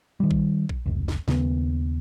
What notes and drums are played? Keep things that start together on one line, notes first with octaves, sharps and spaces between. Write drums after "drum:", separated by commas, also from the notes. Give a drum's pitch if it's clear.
D#3 G3
drum: kick A#1
drum: kick A#1
F1 C#2
drum: snare
D#2 C#3 B3, drum: snare